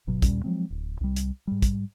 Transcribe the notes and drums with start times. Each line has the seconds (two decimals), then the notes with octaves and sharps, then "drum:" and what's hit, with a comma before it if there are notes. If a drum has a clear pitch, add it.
0.07 G1 B2 F#3
0.22 D#2 A#2 G3 C#4, drum: kick, hi-hat
0.44 F3 F#3 G#3 C4
0.70 D1
1.01 C2 G3
1.16 drum: hi-hat
1.47 G#2 G3
1.62 drum: kick, hi-hat